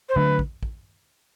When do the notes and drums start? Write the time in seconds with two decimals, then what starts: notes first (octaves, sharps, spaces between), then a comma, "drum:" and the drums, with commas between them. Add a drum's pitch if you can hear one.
0.09 C5
0.16 D3 F#3 A3 D4 B4
0.39 drum: kick
0.63 drum: kick